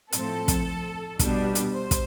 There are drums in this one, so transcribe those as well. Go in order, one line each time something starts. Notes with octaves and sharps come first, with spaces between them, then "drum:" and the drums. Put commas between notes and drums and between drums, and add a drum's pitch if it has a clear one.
A2 F3 C4 A4, drum: hi-hat
drum: kick, hi-hat
B2 G3 B3 D4, drum: kick, hi-hat
drum: hi-hat
C5
drum: kick, hi-hat